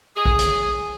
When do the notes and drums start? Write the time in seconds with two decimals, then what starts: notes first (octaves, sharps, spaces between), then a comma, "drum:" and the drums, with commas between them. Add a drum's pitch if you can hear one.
0.16 G#4
0.25 drum: kick
0.39 drum: hi-hat